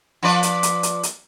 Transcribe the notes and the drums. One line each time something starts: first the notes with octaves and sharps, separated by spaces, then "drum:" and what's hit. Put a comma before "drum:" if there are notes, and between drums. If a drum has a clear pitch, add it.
F3 B4 D5
drum: hi-hat
drum: hi-hat
drum: hi-hat
drum: hi-hat